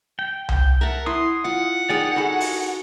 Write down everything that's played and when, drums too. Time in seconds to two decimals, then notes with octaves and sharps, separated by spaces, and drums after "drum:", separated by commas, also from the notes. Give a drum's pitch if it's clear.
0.19 G5
0.49 drum: tom C2
0.81 A#4 E5 F#5 A5
1.06 E4 C6 D#6
1.45 F4 F#5
1.89 D#4 G#4 A#4 D5 G5 D#6
2.16 D#4 F#4 G#4 A4 B5
2.40 drum: open hi-hat